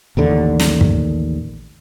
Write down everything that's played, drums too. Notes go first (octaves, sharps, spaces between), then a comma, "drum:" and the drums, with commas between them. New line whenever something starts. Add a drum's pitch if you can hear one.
A1 D#2 D3
drum: snare
drum: kick